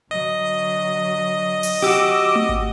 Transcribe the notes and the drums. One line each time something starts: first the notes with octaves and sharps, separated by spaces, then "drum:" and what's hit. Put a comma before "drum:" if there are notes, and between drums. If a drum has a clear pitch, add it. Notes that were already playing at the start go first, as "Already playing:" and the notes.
D3 F#3 D#5
drum: open hi-hat
F#4 G4 D6 E6
drum: tom A3
drum: kick G#1